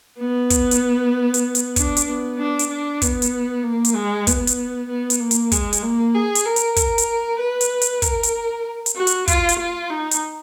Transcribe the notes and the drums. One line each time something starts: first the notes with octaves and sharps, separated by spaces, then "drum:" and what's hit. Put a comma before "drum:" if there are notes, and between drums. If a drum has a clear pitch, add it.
B3
drum: kick, hi-hat
drum: hi-hat
drum: hi-hat
drum: hi-hat
D4, drum: kick, hi-hat
drum: hi-hat
B3
D4
drum: hi-hat
D4
B3, drum: kick, hi-hat
drum: hi-hat
A#3
drum: hi-hat
G#3
B3, drum: kick, hi-hat
drum: hi-hat
B3
drum: hi-hat
A#3
drum: hi-hat
G#3, drum: kick, hi-hat
drum: hi-hat
A#3
G#4
drum: hi-hat
A#4
drum: hi-hat
A#4, drum: kick, hi-hat
drum: hi-hat
B4
drum: hi-hat
drum: hi-hat
A#4, drum: kick, hi-hat
drum: hi-hat
drum: hi-hat
F#4
drum: hi-hat
F4, drum: kick, hi-hat
drum: hi-hat
F4
D#4
drum: hi-hat